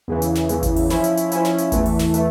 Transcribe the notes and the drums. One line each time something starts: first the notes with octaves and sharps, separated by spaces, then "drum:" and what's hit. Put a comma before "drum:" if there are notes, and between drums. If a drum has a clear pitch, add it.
E2 C#3 E3
drum: hi-hat
drum: snare
E2 C#3 E3, drum: hi-hat
drum: kick G#1, hi-hat
drum: open hi-hat
F3 C#4 E4, drum: snare
drum: hi-hat
drum: hi-hat
F3 C#4 E4, drum: hi-hat
drum: snare
drum: hi-hat
E2 E3 A3, drum: kick G#1, hi-hat
drum: open hi-hat
drum: snare
E3 A3, drum: hi-hat